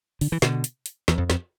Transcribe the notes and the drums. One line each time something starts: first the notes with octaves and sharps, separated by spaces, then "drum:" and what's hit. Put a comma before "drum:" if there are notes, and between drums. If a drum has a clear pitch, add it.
D3, drum: open hi-hat
E3
B2 D3, drum: snare
drum: hi-hat
drum: hi-hat
E2, drum: snare
F2
F2, drum: snare